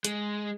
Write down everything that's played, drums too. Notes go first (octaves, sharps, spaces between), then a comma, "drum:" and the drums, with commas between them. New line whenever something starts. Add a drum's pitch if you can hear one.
G#3, drum: hi-hat